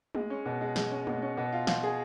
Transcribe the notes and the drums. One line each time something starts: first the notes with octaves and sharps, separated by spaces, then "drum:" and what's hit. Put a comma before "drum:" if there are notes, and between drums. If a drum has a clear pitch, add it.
G#3, drum: tom
C#4
B2
G#3
G#3, drum: snare
C#4
B2, drum: tom
C#4
B2
F4
F4, drum: snare
G#4